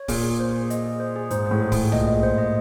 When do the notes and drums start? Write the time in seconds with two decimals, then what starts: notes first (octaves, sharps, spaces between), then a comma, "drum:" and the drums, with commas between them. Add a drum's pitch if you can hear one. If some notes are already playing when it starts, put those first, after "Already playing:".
Already playing: C#5
0.08 A#2 G#4, drum: kick, open hi-hat
0.23 G#4
0.40 C5
0.54 G#4
0.70 D#5, drum: hi-hat
0.86 G#4
1.00 C5
1.16 G#4
1.30 G#2 C5, drum: hi-hat
1.46 A2 C5
1.62 G#4
1.72 A2, drum: kick, open hi-hat
1.77 G#4
1.92 A#2 D#5, drum: tom
2.07 D#5
2.23 C5
2.38 D#5